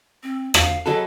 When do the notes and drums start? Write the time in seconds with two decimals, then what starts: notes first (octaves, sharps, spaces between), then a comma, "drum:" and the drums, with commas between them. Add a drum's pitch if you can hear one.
0.23 C4
0.54 F5, drum: rim click
0.86 F#3 G#4 A4 B4 D#5